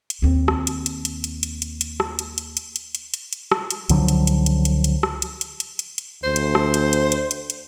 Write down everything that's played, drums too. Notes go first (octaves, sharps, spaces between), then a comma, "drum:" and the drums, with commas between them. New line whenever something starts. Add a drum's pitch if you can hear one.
drum: hi-hat
D#2 C4
drum: rim click
drum: hi-hat
drum: hi-hat
drum: hi-hat
drum: hi-hat
drum: hi-hat
drum: hi-hat
drum: hi-hat
drum: rim click
drum: hi-hat
drum: hi-hat
drum: hi-hat
drum: hi-hat
drum: hi-hat
drum: hi-hat
drum: hi-hat
drum: rim click
drum: hi-hat
C#2 D3 F3 F#3, drum: hi-hat
drum: hi-hat
drum: hi-hat
drum: hi-hat
drum: hi-hat
drum: hi-hat
drum: rim click
drum: hi-hat
drum: hi-hat
drum: hi-hat
drum: hi-hat
drum: hi-hat
D2 C5
drum: hi-hat
drum: rim click
drum: hi-hat
drum: hi-hat
drum: hi-hat
drum: hi-hat
drum: hi-hat